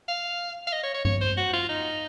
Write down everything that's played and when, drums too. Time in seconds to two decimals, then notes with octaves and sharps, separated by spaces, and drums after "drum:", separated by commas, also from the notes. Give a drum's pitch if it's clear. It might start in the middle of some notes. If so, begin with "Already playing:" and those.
0.08 F5
0.67 F5
0.72 D#5
0.83 C#5
0.94 C#5
1.05 C#5, drum: tom G2
1.21 C5
1.37 F#4
1.53 F4
1.69 D#4